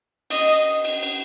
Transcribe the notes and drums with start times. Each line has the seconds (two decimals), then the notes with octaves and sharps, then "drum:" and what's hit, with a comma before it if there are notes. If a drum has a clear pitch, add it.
0.30 D#5, drum: cymbal
0.85 drum: cymbal
1.03 drum: cymbal